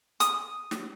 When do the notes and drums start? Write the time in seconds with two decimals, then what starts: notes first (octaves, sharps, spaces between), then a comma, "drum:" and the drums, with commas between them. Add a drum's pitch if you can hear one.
0.20 D#6, drum: hi-hat
0.71 drum: snare